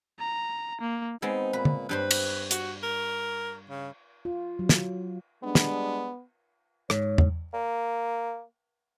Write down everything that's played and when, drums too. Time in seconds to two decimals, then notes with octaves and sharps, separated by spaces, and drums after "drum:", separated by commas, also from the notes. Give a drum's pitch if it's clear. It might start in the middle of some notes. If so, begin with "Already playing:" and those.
0.19 A#5
0.81 A#3
1.22 G#3 B3 C4 D#4
1.53 A#2 B4
1.65 drum: tom
1.89 G2 G3 B4 C5
2.11 drum: cymbal
2.51 F#4, drum: hi-hat
2.83 A#4
3.70 C#3
4.25 F4
4.59 F#3
4.69 drum: snare
5.43 G3 G#3 B3 D4
5.55 drum: snare
6.90 G#2 C#5, drum: rim click
7.18 drum: tom
7.53 A#3